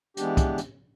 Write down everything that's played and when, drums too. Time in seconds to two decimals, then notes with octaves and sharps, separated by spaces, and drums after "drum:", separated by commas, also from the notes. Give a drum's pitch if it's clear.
0.17 E3 G#3 B3 D4 G4, drum: hi-hat
0.37 drum: kick, hi-hat
0.58 drum: hi-hat